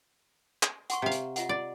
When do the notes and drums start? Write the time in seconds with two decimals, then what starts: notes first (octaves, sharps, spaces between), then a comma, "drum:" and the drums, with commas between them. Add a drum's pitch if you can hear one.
0.63 drum: clap
0.90 F#5 C6 C#6, drum: hi-hat
1.02 C3 F5 A#5
1.12 drum: hi-hat
1.36 F4 D#5 F#5, drum: hi-hat
1.49 D5